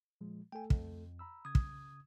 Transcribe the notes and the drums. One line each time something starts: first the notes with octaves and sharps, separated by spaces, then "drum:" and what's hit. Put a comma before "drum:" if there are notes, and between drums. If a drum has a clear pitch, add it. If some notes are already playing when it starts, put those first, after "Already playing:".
A#2 F3 G#3
A3 A4 G5 G#5
F2, drum: kick
A#5 B5 E6
C#3 D#6 G#6
drum: kick